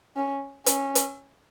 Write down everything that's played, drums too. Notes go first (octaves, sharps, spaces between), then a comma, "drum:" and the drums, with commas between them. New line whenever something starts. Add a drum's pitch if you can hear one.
C#4
C#4, drum: hi-hat
drum: hi-hat